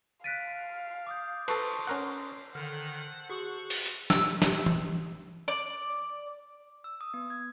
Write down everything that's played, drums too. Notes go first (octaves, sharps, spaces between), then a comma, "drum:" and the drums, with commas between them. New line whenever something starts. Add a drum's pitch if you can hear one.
F5 F#6 A6 B6 D7 D#7
D6 D#6 G6
A4 B4 C5 A5 C#6 D#6 C7, drum: cymbal
C#4 A#4 F#5
D3 D#3 A4 C5 F#5 F6
F#4 G#4 C#6
drum: open hi-hat
drum: hi-hat
E6, drum: snare
drum: snare
drum: tom E3
D5
E6
D#6
B3
G#6